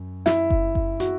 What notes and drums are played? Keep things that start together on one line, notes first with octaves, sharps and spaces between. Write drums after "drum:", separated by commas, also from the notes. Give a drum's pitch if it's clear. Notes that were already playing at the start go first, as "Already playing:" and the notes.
Already playing: F#2
E4, drum: snare
drum: kick F#1
drum: kick F#1
F#4, drum: hi-hat